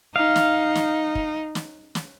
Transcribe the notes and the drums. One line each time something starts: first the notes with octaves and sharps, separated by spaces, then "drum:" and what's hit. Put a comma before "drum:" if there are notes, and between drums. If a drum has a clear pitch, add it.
D#4 F5
drum: snare
drum: snare
drum: kick
drum: snare
drum: snare